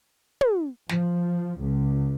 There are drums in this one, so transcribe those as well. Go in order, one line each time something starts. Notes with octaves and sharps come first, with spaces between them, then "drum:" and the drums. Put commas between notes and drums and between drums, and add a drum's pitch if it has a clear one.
drum: tom
F3, drum: snare
C#2